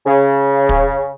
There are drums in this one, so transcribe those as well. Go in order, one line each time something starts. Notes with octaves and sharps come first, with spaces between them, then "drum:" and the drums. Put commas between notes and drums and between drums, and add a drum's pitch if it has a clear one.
C#3
drum: kick